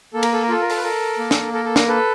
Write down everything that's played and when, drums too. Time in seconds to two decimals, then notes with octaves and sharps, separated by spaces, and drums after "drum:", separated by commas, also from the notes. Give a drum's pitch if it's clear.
0.14 A#3 A4
0.23 A#4, drum: cymbal
0.33 A4
0.43 A#4
0.48 F4 A4
0.61 A#4
0.70 A4, drum: open hi-hat
0.76 B4
0.83 A4 A#4
1.19 A#3
1.31 drum: snare
1.53 A4 A#4
1.65 A4
1.76 A#4, drum: snare
1.88 A4 B4